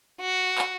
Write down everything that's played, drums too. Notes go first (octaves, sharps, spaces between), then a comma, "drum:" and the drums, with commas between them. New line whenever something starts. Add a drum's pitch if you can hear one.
F#4
drum: clap